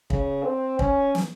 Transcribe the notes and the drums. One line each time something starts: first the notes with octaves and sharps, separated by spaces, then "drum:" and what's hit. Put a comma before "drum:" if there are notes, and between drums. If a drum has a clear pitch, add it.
C#3, drum: kick
C4
C#4, drum: kick
drum: snare